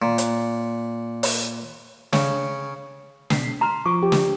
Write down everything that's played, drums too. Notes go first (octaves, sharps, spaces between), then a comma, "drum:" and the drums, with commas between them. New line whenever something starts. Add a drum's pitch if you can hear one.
A#2
drum: hi-hat
drum: open hi-hat
C#3, drum: snare
B2 B6 C7, drum: snare
A#5 C6 F6
F3 C#6 D6
G4
drum: snare